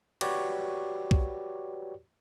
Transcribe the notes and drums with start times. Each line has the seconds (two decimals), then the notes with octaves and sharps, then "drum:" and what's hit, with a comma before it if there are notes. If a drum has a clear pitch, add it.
0.21 F#4 G4 B4 C#5 D5, drum: cymbal
1.11 drum: kick